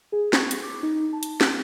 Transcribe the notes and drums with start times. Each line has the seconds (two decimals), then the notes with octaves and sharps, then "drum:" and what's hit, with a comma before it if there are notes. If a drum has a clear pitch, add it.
0.12 G#4
0.33 C#6, drum: snare
0.51 drum: hi-hat
0.63 D6
0.83 D#4
1.13 A5
1.23 drum: hi-hat
1.41 drum: snare